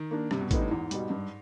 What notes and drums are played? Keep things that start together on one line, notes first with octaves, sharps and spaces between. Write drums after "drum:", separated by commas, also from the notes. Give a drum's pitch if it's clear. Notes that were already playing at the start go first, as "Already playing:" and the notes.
Already playing: D#3
A#3 D4
G2 C3, drum: rim click
B2
A2 D3 G3 B3 D#4, drum: kick, hi-hat
A2
E2 G#2
B2 G3, drum: hi-hat
G2